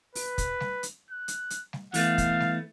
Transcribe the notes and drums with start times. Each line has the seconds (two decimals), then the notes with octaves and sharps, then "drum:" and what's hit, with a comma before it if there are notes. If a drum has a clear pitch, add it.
0.15 B4, drum: open hi-hat
0.38 drum: kick, hi-hat
0.60 drum: snare
0.83 drum: hi-hat
1.10 F#6
1.28 drum: hi-hat
1.50 drum: hi-hat
1.73 drum: snare
1.94 E3 A3 B3 F5, drum: open hi-hat
2.18 drum: kick, hi-hat
2.40 drum: snare